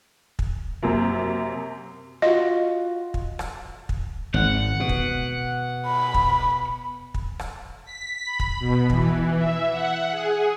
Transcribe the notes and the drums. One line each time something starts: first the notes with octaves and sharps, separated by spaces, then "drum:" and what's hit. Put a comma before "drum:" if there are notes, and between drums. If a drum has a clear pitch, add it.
drum: kick
F#2 C3 A#3
F4 F#4 D#5
drum: kick
drum: rim click
drum: kick
G#1 F#5
B2
drum: kick
B5
drum: kick
drum: kick
drum: rim click
B6
B5
drum: kick
B2
E3, drum: kick
E5
F#5
G#4